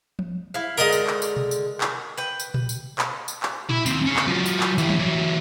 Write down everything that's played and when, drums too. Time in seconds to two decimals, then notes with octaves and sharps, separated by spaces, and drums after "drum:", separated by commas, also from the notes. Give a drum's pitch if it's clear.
0.19 drum: tom F3
0.54 E4 F5
0.78 D3 G#3 A#4 D#5 D#6
0.92 drum: tambourine
1.07 drum: clap
1.22 drum: tambourine
1.37 drum: tom B2
1.51 drum: tambourine
1.81 drum: clap
2.18 B4 G5
2.40 drum: tambourine
2.54 drum: tom A#2
2.69 drum: tambourine
2.98 drum: clap
3.28 drum: tambourine
3.43 drum: clap
3.70 E4 B5, drum: tom A#2
3.86 D#2 C4, drum: tambourine
4.06 C#4 G#4
4.16 drum: clap
4.28 F#3 F4
4.46 drum: tambourine
4.60 drum: clap
4.78 E3 G4, drum: tambourine
4.90 drum: tom F3
4.99 E3 F#3